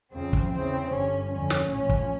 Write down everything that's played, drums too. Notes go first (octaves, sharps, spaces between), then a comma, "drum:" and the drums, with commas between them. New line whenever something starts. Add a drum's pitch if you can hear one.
F2 C#3 F3 C4
drum: kick
E2 C#3 E3 C4
G1 G2 D3 C#4
F2 D3 F3 C#4
drum: snare
A#1 A2 F3 C#4
drum: kick